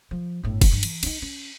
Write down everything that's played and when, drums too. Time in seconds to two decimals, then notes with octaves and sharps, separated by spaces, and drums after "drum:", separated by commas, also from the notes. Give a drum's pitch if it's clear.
0.11 F3
0.43 G1 A2
0.61 drum: kick F1, cymbal
0.71 G2 E3
0.83 E3, drum: cymbal
1.03 C#4 D#4, drum: cymbal
1.22 C#4